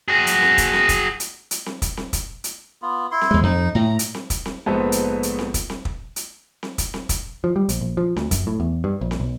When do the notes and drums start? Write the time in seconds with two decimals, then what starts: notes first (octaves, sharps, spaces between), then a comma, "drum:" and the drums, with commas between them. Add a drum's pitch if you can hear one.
0.08 F#4 G#4
0.27 drum: hi-hat
0.42 drum: snare C4
0.58 drum: kick, hi-hat
0.73 drum: snare C4
0.89 drum: kick, hi-hat
1.20 drum: hi-hat
1.51 drum: hi-hat
1.66 drum: snare C4
1.82 drum: kick, hi-hat
1.97 drum: snare C4
2.13 drum: kick, hi-hat
2.44 drum: hi-hat
2.82 B3 F4
3.11 E4 C6
3.21 drum: snare C4
3.31 D#2 G#3
3.43 F2 D#4
3.75 A2 A#5
3.99 drum: hi-hat
4.14 drum: snare C4
4.30 drum: kick, hi-hat
4.45 drum: snare C4
4.66 A#1 G#2 B3 A4 B4 C5
4.92 drum: hi-hat
5.23 drum: hi-hat
5.39 drum: snare C4
5.54 drum: kick, hi-hat
5.70 drum: snare C4
5.85 drum: kick
6.16 drum: hi-hat
6.63 drum: snare C4
6.78 drum: kick, hi-hat
6.94 drum: snare C4
7.09 drum: kick, hi-hat
7.44 F3
7.56 G3
7.69 A#1, drum: hi-hat
7.81 A#1
7.97 F3
8.16 D2, drum: snare C4
8.31 F#2, drum: kick, hi-hat
8.47 A2
8.60 E2
8.84 G2
9.01 A#1
9.11 drum: snare C4
9.20 B1